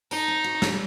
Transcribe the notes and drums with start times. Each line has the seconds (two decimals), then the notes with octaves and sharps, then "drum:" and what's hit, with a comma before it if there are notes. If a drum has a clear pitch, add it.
0.11 D#4 A4, drum: tambourine
0.28 C4
0.44 F#4
0.62 G3, drum: snare